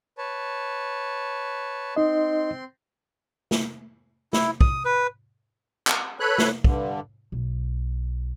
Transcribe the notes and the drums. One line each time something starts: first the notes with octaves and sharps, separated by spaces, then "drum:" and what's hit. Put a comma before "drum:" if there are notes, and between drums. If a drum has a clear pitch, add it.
B4 C#5 A5
C4 D#4 D#5 C6
drum: snare
E4, drum: snare
D#6, drum: kick
B4
drum: clap
A4 B4 C#5 B5 F#6
drum: snare
G2 D3, drum: kick
B1